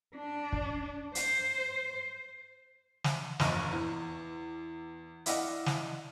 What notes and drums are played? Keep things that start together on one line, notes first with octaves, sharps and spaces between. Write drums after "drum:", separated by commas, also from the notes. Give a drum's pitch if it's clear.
D4
drum: kick
C5, drum: hi-hat
drum: snare
F1 A#1 A#2 D#5 A#5 C#6, drum: snare
E2
E4 D5 D#5 F5 F#5, drum: hi-hat
drum: snare